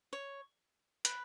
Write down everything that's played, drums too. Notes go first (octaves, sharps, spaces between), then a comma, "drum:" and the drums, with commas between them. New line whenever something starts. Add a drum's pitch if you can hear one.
C#5
B4, drum: hi-hat